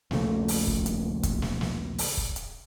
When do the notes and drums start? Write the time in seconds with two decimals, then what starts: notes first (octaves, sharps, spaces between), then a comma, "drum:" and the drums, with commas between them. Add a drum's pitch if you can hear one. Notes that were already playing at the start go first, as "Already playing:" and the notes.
0.11 D#1 A#1 C#3 A3, drum: snare
0.48 drum: open hi-hat
0.67 drum: kick
0.86 drum: hi-hat
1.23 drum: kick, hi-hat
1.42 drum: snare
1.61 drum: snare
1.98 drum: open hi-hat
2.17 drum: kick
2.36 drum: hi-hat